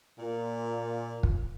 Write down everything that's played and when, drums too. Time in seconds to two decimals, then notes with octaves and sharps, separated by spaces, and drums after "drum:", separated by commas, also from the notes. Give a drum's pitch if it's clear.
0.18 A#2
1.23 drum: kick